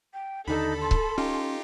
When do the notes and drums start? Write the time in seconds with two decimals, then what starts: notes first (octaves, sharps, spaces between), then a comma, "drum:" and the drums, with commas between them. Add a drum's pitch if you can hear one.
0.14 G5
0.48 D#2 D3 D#4 A4 B5
0.81 C6
0.91 drum: kick C#1
1.18 C#4 D#4 F4 G4